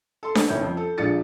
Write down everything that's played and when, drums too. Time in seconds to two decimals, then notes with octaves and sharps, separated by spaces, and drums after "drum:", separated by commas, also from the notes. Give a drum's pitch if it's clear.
0.23 A4 C6
0.35 drum: snare D4
0.48 F#1 D#3 E4 C#5 G6
0.60 F2 F3
0.77 A4
0.98 A#1 G#3 D4 F4 A6 C#7